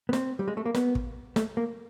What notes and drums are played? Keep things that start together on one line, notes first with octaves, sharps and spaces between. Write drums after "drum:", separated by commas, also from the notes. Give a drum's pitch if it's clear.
B3
C4, drum: snare
G3
G#3
A3
A#3
B3, drum: snare
drum: kick
A3, drum: snare
A#3